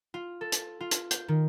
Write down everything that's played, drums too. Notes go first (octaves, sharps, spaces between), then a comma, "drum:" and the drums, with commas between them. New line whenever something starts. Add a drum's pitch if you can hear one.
F4
A4
drum: hi-hat
F4
drum: hi-hat
G6, drum: hi-hat
D#3